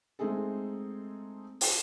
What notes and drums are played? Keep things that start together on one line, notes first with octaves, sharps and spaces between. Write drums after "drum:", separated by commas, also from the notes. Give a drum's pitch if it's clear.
G#3 A3 C4 D#4 G#4 A4
drum: open hi-hat